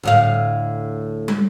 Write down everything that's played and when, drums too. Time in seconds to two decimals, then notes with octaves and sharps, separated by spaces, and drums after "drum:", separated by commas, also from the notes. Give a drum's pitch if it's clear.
0.03 D2 A2 F5
1.28 drum: tom